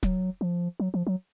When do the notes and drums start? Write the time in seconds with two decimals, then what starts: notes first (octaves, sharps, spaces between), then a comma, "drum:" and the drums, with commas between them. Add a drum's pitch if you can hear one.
0.03 F#3, drum: kick
0.41 F3
0.80 F#3
0.94 F3
1.07 F#3